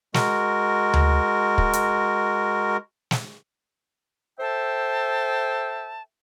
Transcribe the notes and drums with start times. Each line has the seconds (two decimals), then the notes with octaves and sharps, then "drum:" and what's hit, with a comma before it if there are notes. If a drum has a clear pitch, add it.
0.14 G#3 F#4 A#4, drum: snare
0.93 drum: tom D2
1.58 drum: kick
1.73 drum: hi-hat
3.11 drum: snare
4.40 A4 C5 E5 G5 A5